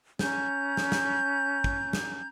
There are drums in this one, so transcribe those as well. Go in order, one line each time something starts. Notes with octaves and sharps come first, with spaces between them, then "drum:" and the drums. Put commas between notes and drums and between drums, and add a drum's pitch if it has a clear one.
C#4 A#5 G6, drum: snare
drum: snare
drum: snare
drum: kick
drum: snare